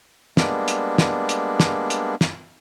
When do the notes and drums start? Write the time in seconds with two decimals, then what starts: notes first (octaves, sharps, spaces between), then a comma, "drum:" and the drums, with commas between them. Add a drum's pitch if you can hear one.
0.37 G3 G#3 A#3 B3 D4, drum: snare
0.68 drum: hi-hat
0.98 drum: snare
1.29 drum: hi-hat
1.60 drum: snare
1.90 drum: hi-hat
2.21 drum: snare